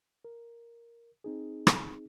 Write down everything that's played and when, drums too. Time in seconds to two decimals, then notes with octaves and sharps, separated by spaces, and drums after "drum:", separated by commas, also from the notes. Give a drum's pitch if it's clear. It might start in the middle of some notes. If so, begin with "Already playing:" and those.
0.25 A#4
1.24 C4 D#4 G#4
1.67 drum: rim click